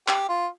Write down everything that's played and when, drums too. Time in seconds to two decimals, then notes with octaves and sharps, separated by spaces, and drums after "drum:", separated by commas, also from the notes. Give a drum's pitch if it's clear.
0.08 G4, drum: clap
0.29 F4